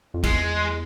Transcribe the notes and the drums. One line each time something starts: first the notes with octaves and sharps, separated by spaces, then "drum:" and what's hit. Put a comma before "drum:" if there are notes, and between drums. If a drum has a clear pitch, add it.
F2
E2 G#3, drum: kick, cymbal